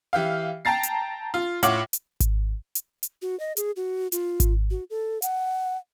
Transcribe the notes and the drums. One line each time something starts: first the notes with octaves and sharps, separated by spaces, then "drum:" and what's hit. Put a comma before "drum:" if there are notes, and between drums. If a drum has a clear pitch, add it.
E3 G4 F5
G5 A5 A#5 A6 C7
drum: hi-hat
F4
A2 F4 C#5 F#5 D6 F#7, drum: hi-hat
drum: hi-hat
drum: kick G#1, hi-hat
drum: hi-hat
drum: hi-hat
F#4
D#5
G#4, drum: hi-hat
F#4
F4, drum: hi-hat
drum: kick G#1, hi-hat
F#4
A4
F#5, drum: hi-hat